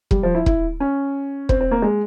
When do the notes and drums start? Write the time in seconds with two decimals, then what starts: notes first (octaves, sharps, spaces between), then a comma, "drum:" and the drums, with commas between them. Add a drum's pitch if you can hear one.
0.11 G3, drum: kick
0.23 F3
0.35 E4
0.46 E4, drum: kick
0.80 C#4
1.49 C4, drum: kick
1.61 C4
1.71 A#3
1.82 G#3